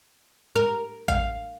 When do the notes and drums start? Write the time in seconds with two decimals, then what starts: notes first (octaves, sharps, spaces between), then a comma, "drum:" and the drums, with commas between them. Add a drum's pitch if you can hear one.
0.56 A#4
1.08 F5, drum: kick A1